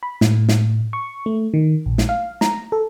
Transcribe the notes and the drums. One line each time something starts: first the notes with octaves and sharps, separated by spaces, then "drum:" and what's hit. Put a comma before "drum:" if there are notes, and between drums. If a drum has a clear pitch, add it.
B5
A2, drum: snare
drum: snare
C#6
A3
D#3
A#1
drum: snare
F5
A#5, drum: snare
A4